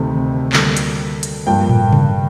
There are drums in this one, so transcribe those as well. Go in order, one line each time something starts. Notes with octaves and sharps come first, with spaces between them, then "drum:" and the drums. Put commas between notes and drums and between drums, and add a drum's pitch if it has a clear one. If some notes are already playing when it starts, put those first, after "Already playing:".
Already playing: D2 C3 D#3 A3
D2 D3 G3 A#3, drum: clap
drum: hi-hat
drum: hi-hat
G2 F3 A#3 G5
drum: tom A2
drum: tom C3